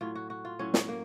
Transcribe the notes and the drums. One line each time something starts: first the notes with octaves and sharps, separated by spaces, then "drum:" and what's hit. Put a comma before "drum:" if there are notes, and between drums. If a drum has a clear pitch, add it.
A2 F#3 F4
F#4
F#4
F4
A2 F#3 C#4
drum: snare
A#3